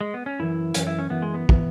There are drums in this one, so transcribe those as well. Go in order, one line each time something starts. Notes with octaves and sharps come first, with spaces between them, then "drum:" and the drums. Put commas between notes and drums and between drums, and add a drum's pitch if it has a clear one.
G#3
B3
C#4
F#2 E3 E4
F#2 E3 C#4, drum: hi-hat
E4
C#4
F#2 E3 B3
G#3
B3
E3, drum: kick